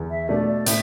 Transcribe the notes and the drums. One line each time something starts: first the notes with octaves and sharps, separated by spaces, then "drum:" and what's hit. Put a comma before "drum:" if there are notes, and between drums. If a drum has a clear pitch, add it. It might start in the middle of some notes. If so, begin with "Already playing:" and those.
Already playing: E2
E5
B2 A3 D4 D5
D5
A2 E5, drum: hi-hat